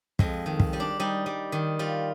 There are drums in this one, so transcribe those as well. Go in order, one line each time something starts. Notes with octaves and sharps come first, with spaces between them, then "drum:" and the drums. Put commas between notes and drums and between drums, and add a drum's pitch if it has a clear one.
F2 G#3, drum: kick
D#3
drum: kick
G3
D4
G3 D#4
G3
D#3
G3 F4